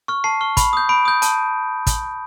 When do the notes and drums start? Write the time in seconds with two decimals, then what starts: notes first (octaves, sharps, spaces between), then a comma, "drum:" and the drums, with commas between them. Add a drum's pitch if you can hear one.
0.08 C#6 F6
0.24 A5 C7
0.41 C#6 F6
0.57 B5, drum: kick, hi-hat
0.73 D#6 G6
0.89 B5 D7
1.05 D#6 G6
1.22 A5, drum: hi-hat
1.87 drum: kick, hi-hat